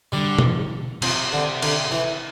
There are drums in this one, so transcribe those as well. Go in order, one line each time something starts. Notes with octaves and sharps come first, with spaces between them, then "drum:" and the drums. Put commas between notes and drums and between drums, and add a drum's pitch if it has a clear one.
D3 G3
drum: tom B2
C3 F3, drum: cymbal
D3
D3, drum: cymbal
E3